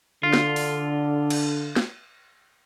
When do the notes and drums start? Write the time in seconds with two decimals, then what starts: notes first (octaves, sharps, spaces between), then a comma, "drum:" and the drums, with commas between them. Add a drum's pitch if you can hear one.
0.23 D3 F4
0.33 drum: snare
0.56 drum: open hi-hat
1.30 drum: cymbal
1.76 drum: snare